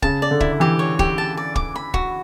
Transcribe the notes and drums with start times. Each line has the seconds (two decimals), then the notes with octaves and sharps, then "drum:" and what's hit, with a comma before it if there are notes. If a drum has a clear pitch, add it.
0.02 C#3 A5, drum: kick
0.22 D5
0.31 D3
0.40 E4, drum: kick
0.60 E3 G4
0.79 C#5
0.99 G4, drum: kick
1.18 A5
1.37 D5
1.56 D6, drum: kick
1.76 B5
1.94 F#4, drum: kick